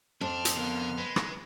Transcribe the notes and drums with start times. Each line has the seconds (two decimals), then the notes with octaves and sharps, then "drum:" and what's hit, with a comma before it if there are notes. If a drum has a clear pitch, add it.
0.21 F2 D4 C6 F6
0.45 drum: hi-hat
0.56 D3 B3 A#4
0.98 G#3 B4
1.16 drum: rim click